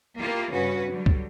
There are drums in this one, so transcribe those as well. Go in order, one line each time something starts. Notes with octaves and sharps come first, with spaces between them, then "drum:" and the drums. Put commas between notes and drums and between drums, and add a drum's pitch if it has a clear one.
A#3 E4 F4 G4
G2 C#3 C#4 F#4 B4
D3 F#3 G3
drum: kick C#2